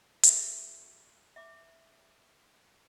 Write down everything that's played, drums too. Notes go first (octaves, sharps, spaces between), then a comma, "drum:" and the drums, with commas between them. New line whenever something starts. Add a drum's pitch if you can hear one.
F#4 G#4 A4 E5, drum: hi-hat
E5 D6